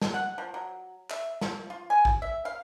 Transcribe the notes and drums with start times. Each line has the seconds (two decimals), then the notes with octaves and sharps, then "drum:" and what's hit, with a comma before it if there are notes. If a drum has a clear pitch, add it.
0.02 A5, drum: snare
0.14 F#5
0.38 F3
0.54 F#3
1.11 E5, drum: clap
1.41 F3, drum: snare
1.70 F4
1.90 G#5
2.05 drum: kick
2.22 E5
2.45 F5